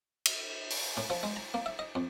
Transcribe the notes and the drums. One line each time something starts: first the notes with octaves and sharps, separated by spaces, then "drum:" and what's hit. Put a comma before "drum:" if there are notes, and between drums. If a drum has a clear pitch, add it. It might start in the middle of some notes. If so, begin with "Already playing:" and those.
drum: cymbal
drum: open hi-hat
A2
F3
G#3
A#5
A#3
E5
D#5
F2